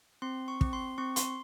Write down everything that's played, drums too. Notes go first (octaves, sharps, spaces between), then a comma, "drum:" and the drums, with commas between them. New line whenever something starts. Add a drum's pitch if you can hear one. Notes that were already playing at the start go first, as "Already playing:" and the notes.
C4 C6
C#6
C4, drum: kick
C6
C4 C#6
C6, drum: hi-hat